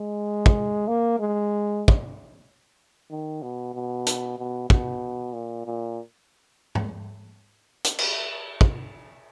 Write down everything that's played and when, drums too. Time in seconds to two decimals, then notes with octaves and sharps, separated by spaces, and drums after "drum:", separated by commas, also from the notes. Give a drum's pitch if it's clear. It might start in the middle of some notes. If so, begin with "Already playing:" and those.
Already playing: G#3
0.46 drum: kick
0.88 A#3
1.19 G#3
1.88 drum: kick
3.11 D#3
3.42 B2
3.74 B2
4.06 drum: hi-hat
4.38 B2
4.70 B2, drum: kick
5.33 A#2
5.66 A#2
6.75 drum: tom
7.84 drum: hi-hat
7.99 drum: cymbal
8.61 drum: kick